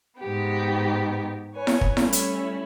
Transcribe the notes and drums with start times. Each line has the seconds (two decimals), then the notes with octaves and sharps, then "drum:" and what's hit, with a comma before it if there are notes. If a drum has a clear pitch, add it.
0.19 G#2 B3 G4
1.54 B4 C#5 G#5
1.67 drum: snare E4
1.81 drum: kick
1.97 G3 A3 C#4 E4, drum: snare E4
2.13 drum: hi-hat